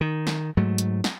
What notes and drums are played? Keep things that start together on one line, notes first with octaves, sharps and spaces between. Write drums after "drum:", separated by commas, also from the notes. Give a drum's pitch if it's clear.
D#3
drum: snare
G#2 F#3 A3
drum: hi-hat
drum: snare